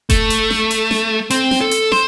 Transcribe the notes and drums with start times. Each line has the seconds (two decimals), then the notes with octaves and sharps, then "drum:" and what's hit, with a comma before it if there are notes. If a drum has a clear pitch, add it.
0.10 A3, drum: kick F1, hi-hat
0.30 drum: hi-hat
0.50 drum: snare
0.71 drum: hi-hat
0.91 drum: snare
1.30 C4, drum: hi-hat
1.51 drum: snare
1.61 A4
1.71 drum: hi-hat
1.92 C5, drum: snare